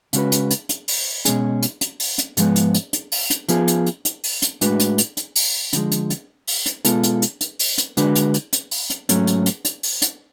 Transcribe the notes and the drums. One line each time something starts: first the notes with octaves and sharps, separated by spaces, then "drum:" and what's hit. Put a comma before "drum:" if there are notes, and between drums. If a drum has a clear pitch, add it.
C#3 G#3 C#4 F#4 B4, drum: hi-hat
drum: hi-hat
drum: hi-hat
drum: hi-hat
drum: open hi-hat
B2 G#3 C#4 G#4, drum: hi-hat
drum: hi-hat
drum: hi-hat
drum: open hi-hat
drum: hi-hat
G#2 F3 G#3 B3, drum: hi-hat
drum: hi-hat
drum: hi-hat
drum: hi-hat
drum: open hi-hat
drum: hi-hat
F3 B3 F4 G#4, drum: hi-hat
drum: hi-hat
drum: hi-hat
drum: hi-hat
drum: open hi-hat
drum: hi-hat
A2 G#3 D4 F#4 B4, drum: hi-hat
drum: hi-hat
drum: hi-hat
drum: hi-hat
drum: open hi-hat
D3 F3 G#3, drum: hi-hat
drum: hi-hat
drum: hi-hat
drum: open hi-hat
drum: hi-hat
B2 G#3 B3 F4 A4, drum: hi-hat
drum: hi-hat
drum: hi-hat
drum: hi-hat
drum: open hi-hat
drum: hi-hat
D3 G#3 D4 F#4 B4, drum: hi-hat
drum: hi-hat
drum: hi-hat
drum: hi-hat
drum: open hi-hat
drum: hi-hat
G#2 F#3 A3 C#4, drum: hi-hat
drum: hi-hat
drum: hi-hat
drum: hi-hat
drum: open hi-hat
drum: hi-hat